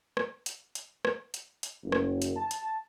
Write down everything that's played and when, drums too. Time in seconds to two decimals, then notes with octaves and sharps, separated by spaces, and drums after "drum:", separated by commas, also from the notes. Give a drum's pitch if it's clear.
0.17 drum: rim click
0.46 drum: hi-hat
0.75 drum: hi-hat
1.05 drum: rim click
1.34 drum: hi-hat
1.63 drum: hi-hat
1.83 F#1
1.92 drum: rim click
2.22 drum: hi-hat
2.36 A5
2.51 drum: hi-hat